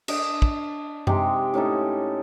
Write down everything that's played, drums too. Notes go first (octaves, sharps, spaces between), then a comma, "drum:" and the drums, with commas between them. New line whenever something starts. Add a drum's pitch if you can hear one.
D4 D#5, drum: cymbal
drum: kick
C3 G#3 D#4 G4, drum: tom F#2
A2 C#4 D#4 A4